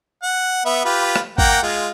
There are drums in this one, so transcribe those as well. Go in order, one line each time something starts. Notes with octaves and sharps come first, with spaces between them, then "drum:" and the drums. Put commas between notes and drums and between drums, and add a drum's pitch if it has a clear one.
F#5
B3 E5
F4 G4 B4
drum: rim click
A#3 F#5 G5, drum: kick G#1
G#3 F4